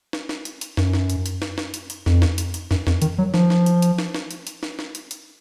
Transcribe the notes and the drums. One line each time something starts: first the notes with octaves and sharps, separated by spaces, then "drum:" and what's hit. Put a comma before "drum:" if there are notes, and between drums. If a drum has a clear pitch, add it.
drum: snare
drum: snare
drum: hi-hat
drum: hi-hat
F#2, drum: snare
drum: snare
drum: hi-hat
drum: hi-hat
drum: snare
drum: snare
drum: hi-hat
drum: hi-hat
F2, drum: snare
drum: snare
drum: hi-hat
drum: hi-hat
F#2, drum: snare
F2, drum: snare
D#3, drum: hi-hat
F#3
F3, drum: snare
drum: snare
drum: hi-hat
drum: hi-hat
drum: snare
drum: snare
drum: hi-hat
drum: hi-hat
drum: snare
drum: snare
drum: hi-hat
drum: hi-hat